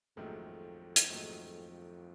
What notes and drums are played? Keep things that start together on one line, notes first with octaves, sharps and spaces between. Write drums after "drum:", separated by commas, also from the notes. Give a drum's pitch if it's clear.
A#1 F2 G#2 D#3 F#3 A3
drum: hi-hat
A#1 G#2 D#3 F#3 A3